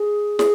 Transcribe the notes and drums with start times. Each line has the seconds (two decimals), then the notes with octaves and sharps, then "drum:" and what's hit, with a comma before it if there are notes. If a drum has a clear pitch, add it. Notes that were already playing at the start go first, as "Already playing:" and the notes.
Already playing: G#4
0.39 G#4, drum: snare